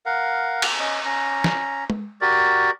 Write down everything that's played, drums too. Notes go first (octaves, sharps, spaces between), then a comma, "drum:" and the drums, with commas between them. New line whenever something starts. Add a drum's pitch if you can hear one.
A#4 F5 F#5
drum: cymbal
C#4 D#5
C#4 A#5
drum: snare
drum: tom G#3
F#4 G4 A#4 D5